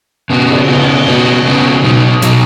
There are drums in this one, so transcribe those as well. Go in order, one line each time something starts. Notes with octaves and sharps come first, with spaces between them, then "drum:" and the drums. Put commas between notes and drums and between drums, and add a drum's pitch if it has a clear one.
C#3 B3 F#4
drum: cymbal
C#3 B3 F#4
C#3 B3 F#4
C#3 B3 F#4
B2 F#3 D#4
B2 F#3 D#4, drum: hi-hat